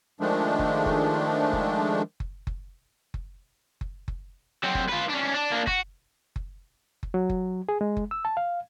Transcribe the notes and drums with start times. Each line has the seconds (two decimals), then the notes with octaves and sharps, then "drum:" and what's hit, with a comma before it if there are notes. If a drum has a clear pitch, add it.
0.20 D#3 F3 G#3 A3 D4
0.59 drum: kick F#1
0.86 drum: kick F#1
1.53 drum: kick F#1
2.20 drum: kick F#1
2.47 drum: kick F#1
3.14 drum: kick F#1
3.81 drum: kick F#1
4.08 drum: kick F#1
4.64 F#3 C4
4.75 drum: kick F#1
4.88 F4 B4
5.09 C#4 D4
5.34 D4
5.51 A#3 D4
5.67 F#4, drum: kick F#1
6.36 drum: kick F#1
7.03 drum: kick F#1
7.14 F#3
7.30 drum: kick F#1
7.69 G#4
7.81 G#3
7.97 drum: kick F#1
8.11 E6
8.25 A5
8.37 F5